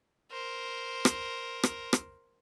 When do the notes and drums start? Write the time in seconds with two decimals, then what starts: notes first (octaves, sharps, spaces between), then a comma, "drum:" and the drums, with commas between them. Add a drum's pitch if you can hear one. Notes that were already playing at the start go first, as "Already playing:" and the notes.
0.32 A#4 C5
1.05 drum: rim click
1.63 drum: rim click
1.93 drum: rim click